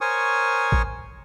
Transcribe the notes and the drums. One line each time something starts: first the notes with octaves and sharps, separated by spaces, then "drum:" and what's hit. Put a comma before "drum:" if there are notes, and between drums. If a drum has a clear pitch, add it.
A#4 C5 C#5 G#5 C#6 D#6
drum: kick